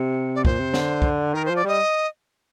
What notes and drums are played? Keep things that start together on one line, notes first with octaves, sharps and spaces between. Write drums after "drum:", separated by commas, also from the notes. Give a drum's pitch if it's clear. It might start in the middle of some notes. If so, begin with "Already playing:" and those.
Already playing: C3
D5
A#2 C5, drum: kick
C3
D3, drum: snare
drum: kick
D#3 A#4
C5
F3
D5
G3 D#5